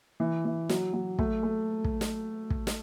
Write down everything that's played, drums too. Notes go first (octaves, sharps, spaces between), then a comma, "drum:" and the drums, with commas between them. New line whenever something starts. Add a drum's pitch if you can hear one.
E3
E3
F#3, drum: snare
F#3
A3, drum: kick
A3
drum: kick
drum: snare
drum: kick
drum: snare